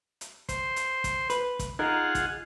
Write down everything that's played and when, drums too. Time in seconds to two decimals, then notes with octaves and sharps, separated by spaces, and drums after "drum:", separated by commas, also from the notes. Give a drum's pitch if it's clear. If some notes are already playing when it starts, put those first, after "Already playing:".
0.21 drum: hi-hat
0.49 C5, drum: kick, hi-hat
0.76 drum: hi-hat
1.04 drum: kick, hi-hat
1.30 B4, drum: hi-hat
1.59 drum: kick, hi-hat
1.79 D#4 F4 G#4 A#4 F#5
2.15 drum: kick, hi-hat